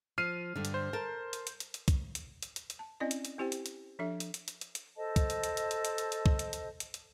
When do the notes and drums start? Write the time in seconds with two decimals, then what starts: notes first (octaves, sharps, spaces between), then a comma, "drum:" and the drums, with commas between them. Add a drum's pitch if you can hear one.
0.18 F3 F6 C7 D#7
0.56 G2 D3
0.65 drum: hi-hat
0.74 C5
0.93 A#4 A5
1.33 drum: hi-hat
1.47 drum: hi-hat
1.60 drum: hi-hat
1.74 drum: hi-hat
1.88 drum: kick, hi-hat
2.15 drum: hi-hat
2.43 drum: hi-hat
2.56 drum: hi-hat
2.70 drum: hi-hat
2.79 A5
3.00 C4 C#4 E4 D5 D#5
3.11 drum: hi-hat
3.25 drum: hi-hat
3.38 C4 E4 G4 C5 G5
3.52 drum: hi-hat
3.66 drum: hi-hat
3.99 F3 D4 A4 E5
4.20 drum: hi-hat
4.34 drum: hi-hat
4.48 drum: hi-hat
4.61 drum: hi-hat
4.75 drum: hi-hat
4.97 A4 C5 D#5 A5
5.16 drum: kick, hi-hat
5.30 drum: hi-hat
5.44 drum: hi-hat
5.57 drum: hi-hat
5.71 drum: hi-hat
5.85 drum: hi-hat
5.98 drum: hi-hat
6.12 drum: hi-hat
6.26 drum: kick
6.39 drum: hi-hat
6.53 drum: hi-hat
6.80 drum: hi-hat
6.94 drum: hi-hat